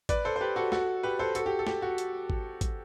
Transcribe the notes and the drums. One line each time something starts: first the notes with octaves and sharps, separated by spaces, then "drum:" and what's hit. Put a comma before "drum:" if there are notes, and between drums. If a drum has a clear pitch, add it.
B4 D5, drum: kick, hi-hat
A4 C5
C5
G4 B4
F#4 A4
F#4 A4, drum: snare
G4 B4
A4 C5
F#4 A4, drum: hi-hat
G4
A4
G4, drum: snare
F#4
drum: hi-hat
drum: kick
drum: kick, hi-hat